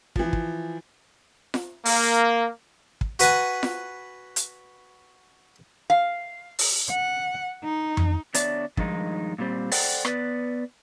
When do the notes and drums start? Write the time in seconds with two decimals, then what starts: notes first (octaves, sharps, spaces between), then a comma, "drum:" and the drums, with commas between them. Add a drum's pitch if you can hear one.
0.16 E3 F3, drum: kick
0.33 drum: kick
1.54 drum: snare F4
1.85 A#3, drum: open hi-hat
3.01 drum: kick
3.19 F#4 B4 F#5 G#5, drum: hi-hat
3.63 drum: snare F4
4.36 drum: hi-hat
5.90 F5
6.59 drum: open hi-hat
6.90 F#5
7.64 D#4
7.97 drum: tom F2
8.34 D3 B3 D4 C#5 D5 E5, drum: hi-hat
8.77 G2 D#3 F3 G#3 D#4, drum: kick
9.39 A#2 D3 G3 C4
9.72 A4 C5 D5 F#5 G5, drum: open hi-hat
10.05 B3 B4 D5, drum: rim click